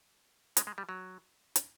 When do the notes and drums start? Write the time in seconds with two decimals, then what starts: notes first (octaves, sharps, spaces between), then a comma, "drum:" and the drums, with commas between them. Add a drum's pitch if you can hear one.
0.57 G#3, drum: hi-hat
0.67 G#3
0.78 G3
0.89 F#3
1.56 drum: hi-hat